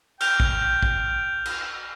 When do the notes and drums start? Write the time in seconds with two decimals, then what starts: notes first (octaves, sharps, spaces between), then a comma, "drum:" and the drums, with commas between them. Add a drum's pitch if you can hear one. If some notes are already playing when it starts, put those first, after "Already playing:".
0.21 G5 F6 G6 F7, drum: cymbal
0.40 drum: kick
0.82 drum: kick
1.46 drum: cymbal